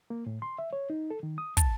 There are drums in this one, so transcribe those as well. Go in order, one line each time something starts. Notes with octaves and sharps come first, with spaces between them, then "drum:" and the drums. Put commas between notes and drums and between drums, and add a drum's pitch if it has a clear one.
A#3
A2
C6
E5
C#5
D#4
A4
D#3
D#6
A5, drum: kick, hi-hat